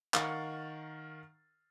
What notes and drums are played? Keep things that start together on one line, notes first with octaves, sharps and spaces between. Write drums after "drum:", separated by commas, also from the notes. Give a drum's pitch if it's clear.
D#3 A#4 F5 F#5 C#6 A6, drum: clap